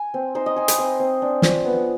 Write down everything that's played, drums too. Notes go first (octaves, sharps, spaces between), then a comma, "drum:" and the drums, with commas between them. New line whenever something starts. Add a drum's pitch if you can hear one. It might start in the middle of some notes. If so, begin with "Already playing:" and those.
Already playing: G#5
C4
D#4 C5
D#5
D#4 G#5
B5, drum: hi-hat
C4 C6
C4
D4
F3, drum: snare
B3